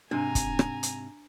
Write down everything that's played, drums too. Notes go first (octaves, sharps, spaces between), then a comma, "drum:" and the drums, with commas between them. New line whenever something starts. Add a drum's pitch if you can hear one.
G#2 C3 D4 G#5 A#5
drum: kick, hi-hat
drum: rim click
drum: hi-hat